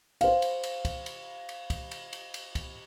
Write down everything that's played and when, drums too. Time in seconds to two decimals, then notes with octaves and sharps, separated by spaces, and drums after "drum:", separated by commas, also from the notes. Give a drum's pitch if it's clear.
0.21 C5 F5, drum: cymbal
0.42 drum: cymbal
0.63 drum: cymbal
0.85 drum: kick, cymbal
1.06 drum: cymbal
1.49 drum: cymbal
1.70 drum: kick, cymbal
1.91 drum: cymbal
2.13 drum: cymbal
2.34 drum: cymbal
2.55 drum: kick, cymbal